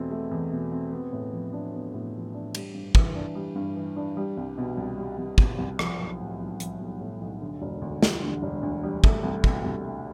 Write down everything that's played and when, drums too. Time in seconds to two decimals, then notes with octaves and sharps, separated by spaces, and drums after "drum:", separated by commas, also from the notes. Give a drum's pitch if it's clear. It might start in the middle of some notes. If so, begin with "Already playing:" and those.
Already playing: E2 B2 A3 C4
0.11 A3
0.31 E2
0.52 B2
0.72 C4
0.93 B3
1.12 A2
1.33 F3
1.53 D4
1.73 B3
1.94 A2
2.14 F3
2.34 D4
2.55 G3, drum: cymbal
2.75 G2
2.95 E3, drum: kick
3.15 D4
3.35 G3
3.56 G2
3.76 E3
3.96 D4
4.17 G3
4.37 C2
4.58 B2
4.77 C2
4.98 G3
5.19 C2
5.38 B2, drum: kick
5.59 C2
5.79 F3, drum: rim click
5.99 B1
6.20 A2
6.40 B1
6.60 F3, drum: hi-hat
6.81 B1
7.01 A2
7.21 B1
7.41 D3
7.62 E1
7.82 D2
8.03 G3, drum: snare
8.22 D3
8.43 E1
8.63 D2
8.83 G3
9.04 A3, drum: kick
9.24 C2
9.44 B2, drum: kick
9.64 C2
9.85 A3